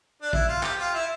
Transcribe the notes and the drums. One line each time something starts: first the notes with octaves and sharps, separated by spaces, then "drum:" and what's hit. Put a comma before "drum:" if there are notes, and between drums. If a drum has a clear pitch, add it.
D4
E4, drum: kick
F4
G4, drum: clap
F4
E4